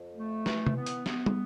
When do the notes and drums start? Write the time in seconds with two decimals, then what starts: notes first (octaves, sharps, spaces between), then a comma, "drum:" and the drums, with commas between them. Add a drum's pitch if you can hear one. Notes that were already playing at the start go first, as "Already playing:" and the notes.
Already playing: F2
0.16 A3
0.46 E3, drum: snare
0.67 drum: tom C3
0.77 B3
0.86 drum: hi-hat
1.06 B3, drum: snare
1.26 drum: tom